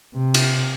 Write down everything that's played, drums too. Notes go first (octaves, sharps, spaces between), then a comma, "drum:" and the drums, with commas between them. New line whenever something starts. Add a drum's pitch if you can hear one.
C3
drum: cymbal